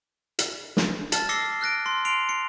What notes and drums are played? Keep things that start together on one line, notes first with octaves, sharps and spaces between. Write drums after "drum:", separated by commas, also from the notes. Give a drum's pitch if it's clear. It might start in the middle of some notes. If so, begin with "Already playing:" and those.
drum: hi-hat
drum: snare
A5 F6 A6, drum: hi-hat
D6 E6 A#6 C7 C#7 G7
F6 F#6 A#6 D7
C6
C6 C7 D7 F7
C#7